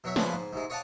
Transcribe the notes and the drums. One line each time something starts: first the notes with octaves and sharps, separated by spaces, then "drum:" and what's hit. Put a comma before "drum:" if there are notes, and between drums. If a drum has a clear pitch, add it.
B2 F#3 C#5 E5
C#3 F3 B3 D4 G#4 B4, drum: snare
G#2
G#2 C3 G#3
C#5 D#5 F5 F#5 A5 D6